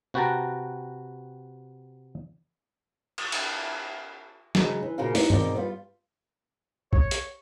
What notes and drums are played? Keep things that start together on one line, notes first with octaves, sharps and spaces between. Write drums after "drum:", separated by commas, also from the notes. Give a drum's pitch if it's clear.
C3 F#4 B4 G5 A5 A#5
drum: cymbal
drum: cymbal
C#3 F#3 G#3 D4, drum: snare
E3
A#2 C#3 A#3 F#4 C5 F5
D#4 E4 G4 B4 D5 F#5, drum: open hi-hat
G#2 B2 D#3 C4 D5, drum: tom G2
G3 B3 F4
C#5, drum: kick B1
drum: hi-hat